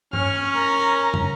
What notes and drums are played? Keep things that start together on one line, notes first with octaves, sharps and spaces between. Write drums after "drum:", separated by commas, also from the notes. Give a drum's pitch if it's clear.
C#4 F6, drum: tom G2
A#4 A#5
drum: tom